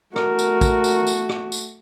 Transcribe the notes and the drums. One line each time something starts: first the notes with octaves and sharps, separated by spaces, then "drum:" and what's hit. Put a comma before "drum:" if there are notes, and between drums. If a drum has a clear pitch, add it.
A3 F#4 A#4, drum: rim click
drum: tambourine
drum: kick, tambourine
drum: tambourine
drum: tambourine
drum: rim click
drum: tambourine